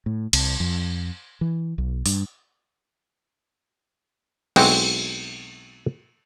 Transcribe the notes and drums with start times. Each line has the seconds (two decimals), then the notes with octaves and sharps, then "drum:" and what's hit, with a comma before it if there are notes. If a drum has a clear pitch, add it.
0.06 A2
0.33 C2, drum: cymbal
0.60 F2
1.41 E3
1.78 B1
2.06 G2, drum: open hi-hat
4.56 B1 G#3 C4 E4 F#4 G5, drum: cymbal